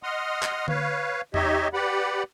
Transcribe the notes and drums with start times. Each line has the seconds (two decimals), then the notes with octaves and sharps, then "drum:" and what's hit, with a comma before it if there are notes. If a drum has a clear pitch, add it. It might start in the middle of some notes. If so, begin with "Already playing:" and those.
0.03 D#5 F#5 C6 D#6 F6
0.43 drum: clap
0.68 B4 C#5 F5, drum: tom D3
1.34 D#4 G4 C#5 D#5 E5, drum: tom E2
1.73 G4 B4 D5 F#5 B5